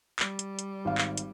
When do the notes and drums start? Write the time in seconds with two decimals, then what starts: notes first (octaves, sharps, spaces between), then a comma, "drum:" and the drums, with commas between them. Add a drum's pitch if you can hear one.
0.19 G3, drum: clap
0.39 drum: hi-hat
0.59 drum: hi-hat
0.85 G#1 F5
0.98 drum: clap
1.17 drum: hi-hat